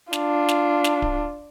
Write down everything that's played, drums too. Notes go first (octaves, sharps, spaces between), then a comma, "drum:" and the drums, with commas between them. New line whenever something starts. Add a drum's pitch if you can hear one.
D4 F4, drum: snare
drum: snare
drum: snare
drum: kick D1